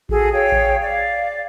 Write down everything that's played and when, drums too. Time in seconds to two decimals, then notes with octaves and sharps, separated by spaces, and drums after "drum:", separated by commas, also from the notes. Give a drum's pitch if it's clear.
0.09 F#4 G#4 A4, drum: kick A1
0.32 G#4 C#5 F5 G5
0.52 drum: kick A1
0.82 D5 F5